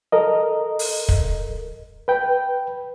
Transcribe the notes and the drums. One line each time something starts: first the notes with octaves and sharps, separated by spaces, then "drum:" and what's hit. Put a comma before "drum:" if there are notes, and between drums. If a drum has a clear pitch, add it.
A4 A#4 D#5
drum: open hi-hat
drum: kick
B4 G5